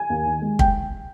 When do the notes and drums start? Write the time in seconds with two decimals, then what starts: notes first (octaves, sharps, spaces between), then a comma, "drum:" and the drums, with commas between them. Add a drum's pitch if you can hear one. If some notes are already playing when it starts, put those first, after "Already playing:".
Already playing: G#5
0.10 D#2
0.26 D#3
0.42 G#3
0.59 G5, drum: kick